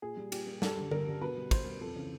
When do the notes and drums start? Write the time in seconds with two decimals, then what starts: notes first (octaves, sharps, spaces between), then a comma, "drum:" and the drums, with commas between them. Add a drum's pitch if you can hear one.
0.02 A#2 G#4
0.17 G3
0.32 A#2 G4, drum: cymbal
0.47 G3
0.62 G2 A4, drum: snare
0.77 D3 G3
0.91 G2 A#4, drum: tom D3
1.07 D3 G3
1.21 B2 B4
1.37 G3
1.51 B2 C5, drum: kick, cymbal
1.66 G3
1.81 F2 A4
1.96 C#3 E3